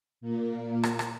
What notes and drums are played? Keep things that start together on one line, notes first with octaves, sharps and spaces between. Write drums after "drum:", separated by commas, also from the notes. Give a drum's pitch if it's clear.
A#2 A#3
drum: rim click
drum: rim click